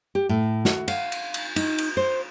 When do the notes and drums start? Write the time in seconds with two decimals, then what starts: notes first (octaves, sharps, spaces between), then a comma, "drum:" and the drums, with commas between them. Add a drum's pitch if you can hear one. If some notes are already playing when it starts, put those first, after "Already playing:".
0.15 G4
0.29 A2
0.65 F#4, drum: snare
0.88 F5, drum: cymbal
1.12 drum: cymbal
1.34 drum: cymbal
1.56 D#4, drum: cymbal
1.78 drum: cymbal
1.97 C5